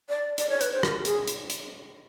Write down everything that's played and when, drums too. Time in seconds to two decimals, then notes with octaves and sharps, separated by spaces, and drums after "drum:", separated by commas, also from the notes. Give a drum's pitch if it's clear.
0.09 D5
0.38 D5, drum: hi-hat
0.50 C#5
0.61 B4, drum: hi-hat
0.72 C5
0.83 A#4, drum: rim click
1.05 G#4, drum: hi-hat
1.27 drum: hi-hat
1.50 drum: hi-hat